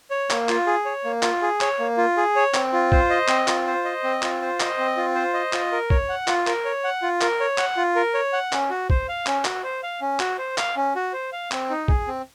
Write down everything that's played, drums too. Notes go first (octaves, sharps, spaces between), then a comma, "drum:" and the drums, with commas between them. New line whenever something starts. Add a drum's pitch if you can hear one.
C#5
A#3, drum: clap
F4, drum: clap
G#4
C#5
A#3
F4, drum: clap
G#4
C#5, drum: clap
A#3
F4
G#4
C#5
C4, drum: clap
F4
C5, drum: kick
D#5
C4, drum: clap
F4, drum: clap
C5
D#5
C4
F4, drum: clap
C5
D#5, drum: clap
C4
F4
C5
D#5
F4, drum: clap
A#4
C#5, drum: kick
F#5
F4, drum: clap
A#4, drum: clap
C#5
F#5
F4
A#4, drum: clap
C#5
F#5, drum: clap
F4
A#4
C#5
F#5
C#4, drum: clap
F#4
C5, drum: kick
F5
C#4, drum: clap
F#4, drum: clap
C5
F5
C#4
F#4, drum: clap
C5
F5, drum: clap
C#4
F#4
C5
F5
C4, drum: clap
D#4
G#4, drum: kick
C4